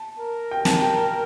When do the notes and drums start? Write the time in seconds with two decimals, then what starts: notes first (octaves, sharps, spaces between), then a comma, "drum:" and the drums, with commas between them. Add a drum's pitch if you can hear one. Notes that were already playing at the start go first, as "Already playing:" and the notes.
Already playing: A5
0.19 A#4
0.51 G5
0.65 A5, drum: snare
0.79 G5